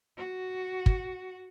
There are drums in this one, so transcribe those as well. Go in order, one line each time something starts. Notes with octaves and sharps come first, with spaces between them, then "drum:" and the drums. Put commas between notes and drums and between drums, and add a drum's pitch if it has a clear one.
F#4
drum: kick